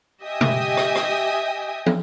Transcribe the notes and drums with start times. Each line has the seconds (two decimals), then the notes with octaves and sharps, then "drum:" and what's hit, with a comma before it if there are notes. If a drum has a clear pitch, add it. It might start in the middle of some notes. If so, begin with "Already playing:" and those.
0.23 G4 D#5 E5 G5 G#5 D#6
0.41 drum: tom B2
0.77 drum: rim click
0.95 drum: rim click
1.86 drum: tom